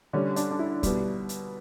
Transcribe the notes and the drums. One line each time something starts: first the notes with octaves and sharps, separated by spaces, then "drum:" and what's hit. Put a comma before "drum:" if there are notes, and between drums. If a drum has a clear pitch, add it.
D3 G3 C#4
D4, drum: hi-hat
D4
E4
B2 G3, drum: kick, hi-hat
drum: hi-hat